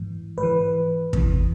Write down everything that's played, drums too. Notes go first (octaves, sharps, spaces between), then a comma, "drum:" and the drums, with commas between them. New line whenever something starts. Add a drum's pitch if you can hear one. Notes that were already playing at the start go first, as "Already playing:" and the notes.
Already playing: G#2 E3
G#2 B4
E3
E2 C3 E3, drum: kick